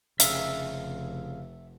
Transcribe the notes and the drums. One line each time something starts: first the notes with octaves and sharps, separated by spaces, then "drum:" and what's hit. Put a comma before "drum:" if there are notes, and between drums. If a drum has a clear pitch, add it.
F1 C#3 E5 F5 E6, drum: hi-hat